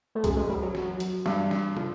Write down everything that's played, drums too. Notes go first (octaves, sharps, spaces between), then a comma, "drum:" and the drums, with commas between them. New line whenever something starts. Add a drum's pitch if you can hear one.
A3
F#2 G#3, drum: kick B1, hi-hat
G#3
G3
F#3
drum: snare
drum: hi-hat
G2, drum: snare
drum: snare
F3, drum: tom